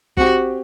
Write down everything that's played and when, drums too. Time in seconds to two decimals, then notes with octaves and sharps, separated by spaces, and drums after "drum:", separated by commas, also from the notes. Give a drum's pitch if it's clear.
0.17 C4 F#4 G4, drum: kick